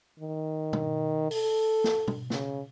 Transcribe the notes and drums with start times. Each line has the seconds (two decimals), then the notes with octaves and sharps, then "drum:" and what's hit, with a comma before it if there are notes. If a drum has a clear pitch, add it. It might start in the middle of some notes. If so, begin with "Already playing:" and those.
0.20 D#3
0.73 drum: tom
1.31 A4, drum: open hi-hat
1.84 drum: snare
2.08 drum: tom
2.30 C#3, drum: snare